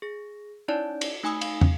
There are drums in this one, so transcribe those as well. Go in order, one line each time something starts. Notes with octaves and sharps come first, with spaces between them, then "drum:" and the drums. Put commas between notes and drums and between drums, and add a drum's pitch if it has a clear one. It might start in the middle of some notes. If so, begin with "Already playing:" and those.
G#4 A#6
C#4 D#4 E4 C#5 D5 A5
drum: cymbal
A3 D#4 G#5 B5 D#6 E6
F5, drum: cymbal
drum: tom